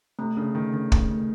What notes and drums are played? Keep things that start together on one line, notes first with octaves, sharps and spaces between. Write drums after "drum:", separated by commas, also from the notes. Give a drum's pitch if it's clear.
C3 A3
C#3 C#4
D#3 A3
D#3 C#4
A3, drum: kick
A3